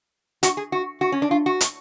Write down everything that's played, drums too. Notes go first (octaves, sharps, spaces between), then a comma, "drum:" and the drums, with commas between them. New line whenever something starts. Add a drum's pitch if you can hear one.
F#4, drum: hi-hat
G#4
F#4
F#4
C#4
D4
F4
F#4
drum: hi-hat